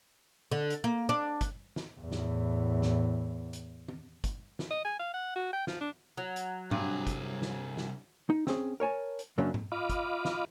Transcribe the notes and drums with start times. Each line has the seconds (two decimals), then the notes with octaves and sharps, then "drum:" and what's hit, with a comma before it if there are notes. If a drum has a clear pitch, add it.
0.52 D3
0.70 drum: hi-hat
0.84 A#3
1.09 D4
1.41 drum: kick, hi-hat
1.76 drum: snare
2.00 E2 A2
2.12 drum: snare
2.82 drum: snare
3.53 drum: hi-hat
3.88 drum: tom
4.24 drum: kick, hi-hat
4.59 drum: snare
4.70 D#5
4.84 G#5
4.99 F5
5.13 F#5
5.35 F#4
5.52 G5
5.67 F3, drum: snare
5.80 D4
6.17 F#3
6.36 drum: hi-hat
6.71 C2 G2 G#4, drum: tom G#2
7.07 drum: kick, hi-hat
7.42 drum: snare
7.77 drum: snare
8.30 D#4
8.47 C4 C#4 G#4, drum: snare
8.80 A#4 C#5 G#5 A5
9.19 drum: hi-hat
9.38 F#2 C#3 F#3 A#3 C#4 D4
9.54 drum: tom G#2
9.72 F4 D#5 F5 B5 D6
9.90 drum: kick, hi-hat
10.25 drum: snare